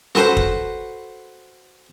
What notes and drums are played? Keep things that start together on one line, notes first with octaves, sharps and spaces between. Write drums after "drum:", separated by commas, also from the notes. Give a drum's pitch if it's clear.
F#4 A4 B4 C5 F#5, drum: snare
drum: kick